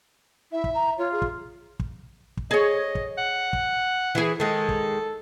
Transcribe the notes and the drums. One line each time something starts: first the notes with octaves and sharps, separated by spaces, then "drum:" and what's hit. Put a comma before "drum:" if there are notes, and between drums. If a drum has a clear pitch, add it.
E4 E5
drum: kick
A#5
F4 C#5
G#4
drum: kick
drum: kick
drum: kick
G#4 C#5 D#5
drum: kick
F#5
drum: kick
E3 G#4
D#3 G#3 A4
drum: kick